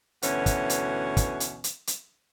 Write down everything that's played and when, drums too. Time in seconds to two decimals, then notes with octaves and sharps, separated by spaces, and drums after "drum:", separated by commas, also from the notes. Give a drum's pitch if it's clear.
0.22 D2 B2 E3 C#4 F#5, drum: hi-hat
0.46 drum: kick, hi-hat
0.70 drum: hi-hat
1.17 drum: kick, hi-hat
1.40 drum: hi-hat
1.64 drum: hi-hat
1.87 drum: hi-hat